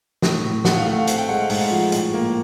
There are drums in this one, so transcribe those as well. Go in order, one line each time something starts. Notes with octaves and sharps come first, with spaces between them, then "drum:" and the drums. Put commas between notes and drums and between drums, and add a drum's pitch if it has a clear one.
A2, drum: snare
A2
A2 F#5, drum: snare
F5
A3 F#5
F5
C4 F#5, drum: hi-hat
G5
G#3 F#5
F5
G#2 F#5, drum: open hi-hat
F3
A2, drum: hi-hat
A#3